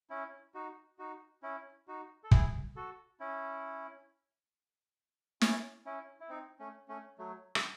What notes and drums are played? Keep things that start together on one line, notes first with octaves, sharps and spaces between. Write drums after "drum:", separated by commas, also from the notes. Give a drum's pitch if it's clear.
C#4 E4
D#4 F#4
D#4 F#4
C#4 E4
D#4 F#4
A4
E4 G#4, drum: kick
F#4 A4
C#4 E4
C#4 E4, drum: snare
C#4 E4
E4
C4 D#4
A3 C#4
A3 C#4
F#3 A3
drum: rim click